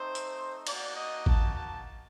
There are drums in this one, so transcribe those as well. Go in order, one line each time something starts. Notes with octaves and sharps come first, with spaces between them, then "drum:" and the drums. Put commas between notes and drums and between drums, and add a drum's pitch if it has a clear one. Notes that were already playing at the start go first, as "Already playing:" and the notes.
Already playing: A3 C4 D#4 C5
drum: hi-hat
A#3 D#4 F#4 D5, drum: cymbal
D#5
A5, drum: kick G#1
A5